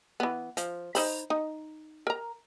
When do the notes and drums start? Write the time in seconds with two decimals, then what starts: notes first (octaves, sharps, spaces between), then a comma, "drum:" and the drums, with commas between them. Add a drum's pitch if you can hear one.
0.20 E3 B3
0.57 F3, drum: hi-hat
0.95 D#4 C5 B5, drum: open hi-hat
1.30 D#4
2.07 A#4 A#5